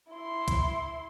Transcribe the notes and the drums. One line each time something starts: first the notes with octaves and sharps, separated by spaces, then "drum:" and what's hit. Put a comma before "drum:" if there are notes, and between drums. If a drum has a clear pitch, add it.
E4 C6
drum: kick B1, hi-hat